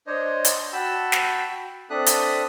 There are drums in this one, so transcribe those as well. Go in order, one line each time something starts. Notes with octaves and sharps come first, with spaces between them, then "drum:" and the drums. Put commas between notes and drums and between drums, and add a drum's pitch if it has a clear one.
D4 C5 C#5 D#5
drum: hi-hat
F#4 G5 A5 B5 E6
drum: snare
C4 D4 A4 E5 D#6 F#6
drum: hi-hat